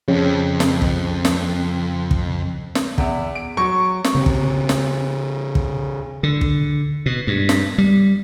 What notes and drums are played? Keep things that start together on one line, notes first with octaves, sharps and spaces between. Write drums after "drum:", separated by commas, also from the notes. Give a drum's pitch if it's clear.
F2 C#3
drum: snare
drum: kick
drum: snare
drum: kick
drum: snare
E2 E5, drum: kick
D7
F#3 C#6
drum: snare
C#3 C4
drum: kick
drum: snare
drum: kick
D3
drum: kick
B2
G2
drum: snare
G3